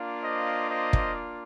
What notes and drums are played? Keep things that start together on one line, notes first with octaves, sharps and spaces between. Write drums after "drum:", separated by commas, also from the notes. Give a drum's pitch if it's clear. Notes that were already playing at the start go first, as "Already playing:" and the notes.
Already playing: A#3 D4 F4
C5 D#5
C5 D#5
drum: kick